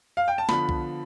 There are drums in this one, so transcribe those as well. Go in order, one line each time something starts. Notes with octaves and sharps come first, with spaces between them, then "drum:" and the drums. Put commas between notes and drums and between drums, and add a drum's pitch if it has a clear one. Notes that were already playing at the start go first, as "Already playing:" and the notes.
F5
G5
A5
D3 F3 B3 B5, drum: snare
drum: kick B1